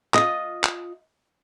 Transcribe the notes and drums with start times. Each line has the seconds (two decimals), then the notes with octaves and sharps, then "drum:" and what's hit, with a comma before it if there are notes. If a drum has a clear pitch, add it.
0.14 F4 D#5, drum: clap
0.64 drum: clap